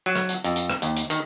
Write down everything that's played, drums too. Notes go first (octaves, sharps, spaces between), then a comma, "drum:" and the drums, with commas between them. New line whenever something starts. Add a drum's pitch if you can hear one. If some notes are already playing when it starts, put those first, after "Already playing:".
F#3
drum: rim click
drum: hi-hat
F2, drum: hi-hat
drum: hi-hat
drum: rim click
D#2, drum: hi-hat
drum: hi-hat
D#3, drum: hi-hat